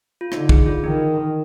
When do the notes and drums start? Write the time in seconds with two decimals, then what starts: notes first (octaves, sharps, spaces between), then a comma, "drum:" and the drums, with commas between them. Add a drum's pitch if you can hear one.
0.21 F4
0.32 D3 D#4, drum: rim click
0.49 G#4, drum: kick
0.66 F4
0.83 D#3 D#4